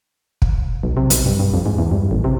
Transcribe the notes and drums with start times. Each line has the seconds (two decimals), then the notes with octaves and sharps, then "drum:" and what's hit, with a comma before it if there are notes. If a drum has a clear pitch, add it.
0.42 drum: kick
0.83 B1
0.97 C3
1.10 B1, drum: hi-hat
1.26 G2
1.39 G2
1.54 F2
1.66 G#2
1.78 E2
1.91 G2
2.11 A1
2.24 C3